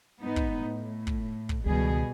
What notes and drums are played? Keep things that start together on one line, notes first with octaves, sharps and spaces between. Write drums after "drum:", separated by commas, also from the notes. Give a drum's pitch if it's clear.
G#2 B3 D#4
drum: kick
A2
drum: kick
drum: kick
C#2 B2 D#3 G3 G#4